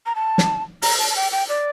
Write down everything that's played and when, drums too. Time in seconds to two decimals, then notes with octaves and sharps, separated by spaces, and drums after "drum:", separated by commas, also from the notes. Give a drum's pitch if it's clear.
0.06 A#5
0.15 A5
0.38 drum: snare
0.82 A#5, drum: open hi-hat
0.99 A5
1.10 A5
1.16 G5
1.32 G5
1.49 D5